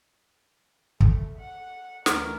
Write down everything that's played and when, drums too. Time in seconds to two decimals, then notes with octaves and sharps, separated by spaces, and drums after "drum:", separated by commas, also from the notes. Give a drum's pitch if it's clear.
1.00 A3, drum: kick
1.38 F#5
2.06 D2 E3 A#4, drum: snare